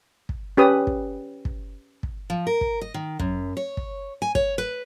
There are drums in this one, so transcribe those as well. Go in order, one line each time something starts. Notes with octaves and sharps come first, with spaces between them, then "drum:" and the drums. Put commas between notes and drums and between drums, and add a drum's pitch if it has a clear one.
drum: kick
C#4 G4 B4 D#6
drum: kick
drum: kick
drum: kick
F3
A#4
drum: kick
D#5
D#3
F#2, drum: kick
C#5
drum: kick
G#5
C#5, drum: kick
B4